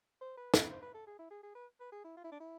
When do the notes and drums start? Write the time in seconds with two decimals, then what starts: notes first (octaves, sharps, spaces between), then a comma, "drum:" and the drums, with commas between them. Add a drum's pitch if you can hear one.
0.21 C5
0.37 B4
0.54 B4, drum: snare
0.70 C5
0.83 B4
0.94 A4
1.07 G#4
1.19 E4
1.31 G#4
1.43 G#4
1.55 B4
1.80 B4
1.92 G#4
2.05 E4
2.17 F4
2.24 E4
2.32 D4
2.40 E4